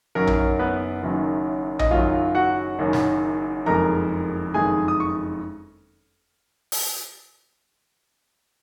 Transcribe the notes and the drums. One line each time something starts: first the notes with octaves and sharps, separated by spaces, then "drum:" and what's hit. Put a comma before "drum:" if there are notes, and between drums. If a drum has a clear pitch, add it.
F#1 F#2 D#3 F#3 A#4
drum: tom A#1
B3 B4
F#1 F#2 D#3 F#3
D#5, drum: tom A#1
F#1 F#2 D#3 F#3 F4 F5
F#4 F#5
F#1 F#2 D#3 F#3
drum: snare
F#1 F2 D#3 G#3 A#4 A#5
F#1 F2 D#3 G#3 G#4 G#5
D#6
C#6
drum: open hi-hat